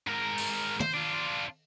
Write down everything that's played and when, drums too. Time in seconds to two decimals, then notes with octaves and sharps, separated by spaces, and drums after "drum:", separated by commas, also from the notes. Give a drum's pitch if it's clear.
0.07 G#2 A#4
0.38 drum: open hi-hat
0.80 C5, drum: tom
0.94 D4 F4